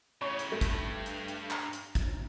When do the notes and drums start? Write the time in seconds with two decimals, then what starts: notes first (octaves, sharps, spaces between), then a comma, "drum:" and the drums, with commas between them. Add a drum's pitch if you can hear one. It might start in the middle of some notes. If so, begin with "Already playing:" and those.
0.22 A2 C#3 C#5
0.39 drum: hi-hat
0.52 G2 A3
0.61 drum: kick, hi-hat
1.06 drum: hi-hat
1.28 drum: hi-hat
1.51 A#5, drum: clap
1.73 drum: hi-hat
1.95 drum: kick, hi-hat